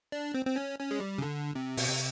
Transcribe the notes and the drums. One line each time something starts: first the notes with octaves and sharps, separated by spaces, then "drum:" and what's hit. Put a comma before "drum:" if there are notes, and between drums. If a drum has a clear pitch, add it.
D4
C4
C4
C#4
C#4
G#3
G3
C#3
D3
C3
B2, drum: open hi-hat
C3